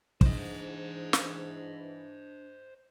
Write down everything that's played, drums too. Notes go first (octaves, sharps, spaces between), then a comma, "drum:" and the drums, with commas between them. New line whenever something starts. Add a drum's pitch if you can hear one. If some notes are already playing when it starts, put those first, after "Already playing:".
G#2 E3 D4 C5 D#5, drum: kick
drum: snare